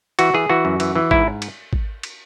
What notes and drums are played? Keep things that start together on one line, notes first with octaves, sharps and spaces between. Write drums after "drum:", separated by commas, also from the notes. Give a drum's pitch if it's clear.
E3 F#4, drum: cymbal
E3 G#4
E3 F#4
F#2
E3, drum: cymbal
E3
G#2 E4, drum: kick G#1
drum: cymbal
drum: kick G#1
drum: cymbal